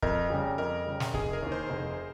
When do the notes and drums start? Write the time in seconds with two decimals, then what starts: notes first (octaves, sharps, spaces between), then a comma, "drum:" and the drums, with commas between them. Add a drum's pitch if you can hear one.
0.02 F2 A#4, drum: kick C#1
0.30 C#3 G3
0.58 F2 A#4
0.86 C#3 G3
1.00 drum: snare
1.14 F1 G#4, drum: kick C#1
1.33 A#4
1.42 D#2 D#3
1.52 C5
1.70 F1